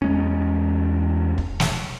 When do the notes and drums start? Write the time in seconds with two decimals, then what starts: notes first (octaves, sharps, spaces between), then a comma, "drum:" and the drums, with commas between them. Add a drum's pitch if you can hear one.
0.02 E2 G#3 C#4
1.38 drum: kick
1.60 drum: snare